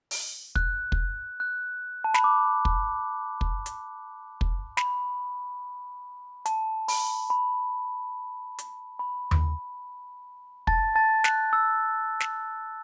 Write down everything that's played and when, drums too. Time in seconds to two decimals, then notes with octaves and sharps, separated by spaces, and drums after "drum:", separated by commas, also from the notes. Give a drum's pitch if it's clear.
0.11 drum: open hi-hat
0.55 F#6, drum: kick
0.92 drum: kick
1.40 F#6
2.04 A5
2.14 B5, drum: snare
2.24 D6
2.65 drum: kick
3.41 drum: kick
3.66 drum: hi-hat
4.41 drum: kick
4.77 B5, drum: snare
6.46 A5, drum: hi-hat
6.88 B5, drum: open hi-hat
7.30 B5
8.59 drum: hi-hat
8.99 B5
9.31 drum: tom D#2
10.67 A5 A6, drum: kick
10.95 A5 A6
11.24 F#6, drum: snare
11.53 E6
12.20 drum: snare